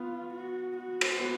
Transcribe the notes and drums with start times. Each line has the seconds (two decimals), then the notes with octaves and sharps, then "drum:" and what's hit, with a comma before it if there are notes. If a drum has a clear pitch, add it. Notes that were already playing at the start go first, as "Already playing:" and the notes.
Already playing: B3 F4
0.33 F#4
0.76 F#4
1.01 drum: cymbal
1.19 B3